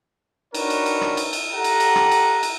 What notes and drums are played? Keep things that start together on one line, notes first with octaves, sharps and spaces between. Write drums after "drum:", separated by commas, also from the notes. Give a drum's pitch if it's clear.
D4 D#4 F#4 A#4 B4 C#5, drum: cymbal
drum: cymbal
drum: cymbal
drum: rim click
drum: cymbal
drum: cymbal
G4 A4 F#5 A#5
drum: cymbal
drum: cymbal
drum: rim click
drum: cymbal
drum: cymbal